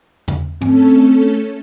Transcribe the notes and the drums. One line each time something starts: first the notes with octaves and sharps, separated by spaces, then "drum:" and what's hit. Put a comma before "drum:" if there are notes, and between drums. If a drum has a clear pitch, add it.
drum: tom E2
A3 C4 C#4 A4, drum: tom G#2